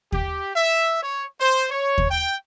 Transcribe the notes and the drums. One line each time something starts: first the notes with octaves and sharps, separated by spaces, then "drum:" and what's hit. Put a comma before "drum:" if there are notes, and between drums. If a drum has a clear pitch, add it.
G4, drum: kick D#2
E5
C#5
C5
C#5
drum: kick D#2
G5